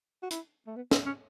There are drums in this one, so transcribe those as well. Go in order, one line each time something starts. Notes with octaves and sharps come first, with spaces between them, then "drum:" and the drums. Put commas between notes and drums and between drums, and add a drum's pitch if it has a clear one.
F#4
E4, drum: hi-hat
A3
B3
B3, drum: snare
C#4